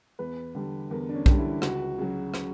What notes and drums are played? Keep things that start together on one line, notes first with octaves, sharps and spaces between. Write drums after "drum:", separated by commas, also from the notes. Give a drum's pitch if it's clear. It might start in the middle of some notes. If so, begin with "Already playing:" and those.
E2 B4
D3 G3
E2 A#4
D4
C#4
D3 G3, drum: kick B1
E4
C#2 F#4, drum: rim click
C#3 F#3
drum: rim click